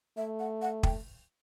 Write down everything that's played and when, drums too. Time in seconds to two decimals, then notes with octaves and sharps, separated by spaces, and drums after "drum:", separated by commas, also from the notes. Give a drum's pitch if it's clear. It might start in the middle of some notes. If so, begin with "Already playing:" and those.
0.17 A3 E5
0.39 F#5
0.62 F#5
0.83 G5, drum: kick